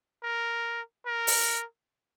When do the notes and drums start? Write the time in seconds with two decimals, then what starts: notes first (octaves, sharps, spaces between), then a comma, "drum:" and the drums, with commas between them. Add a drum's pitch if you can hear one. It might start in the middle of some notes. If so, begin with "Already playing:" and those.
0.23 A#4
1.06 A#4
1.27 drum: open hi-hat